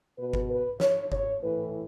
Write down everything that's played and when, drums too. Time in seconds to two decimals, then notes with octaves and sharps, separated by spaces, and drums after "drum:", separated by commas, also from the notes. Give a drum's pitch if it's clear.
0.18 B2 B4
0.33 drum: kick G1
0.50 B4
0.80 C#5, drum: snare
1.12 C#5, drum: kick G1
1.42 A2 E3 B4